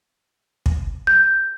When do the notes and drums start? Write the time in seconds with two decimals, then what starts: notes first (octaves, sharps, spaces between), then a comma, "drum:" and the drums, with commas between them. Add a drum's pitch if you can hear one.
0.66 drum: kick
1.07 G6